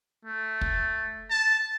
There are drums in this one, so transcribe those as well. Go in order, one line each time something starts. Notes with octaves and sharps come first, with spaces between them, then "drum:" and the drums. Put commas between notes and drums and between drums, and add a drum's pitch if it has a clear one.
A3
drum: kick
A5